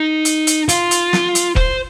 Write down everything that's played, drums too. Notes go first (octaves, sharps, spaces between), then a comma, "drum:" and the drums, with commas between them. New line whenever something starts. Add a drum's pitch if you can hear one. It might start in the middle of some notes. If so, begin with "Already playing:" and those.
Already playing: D#4
drum: hi-hat
drum: hi-hat
F4, drum: hi-hat
drum: hi-hat
drum: snare
drum: hi-hat
C5, drum: kick E1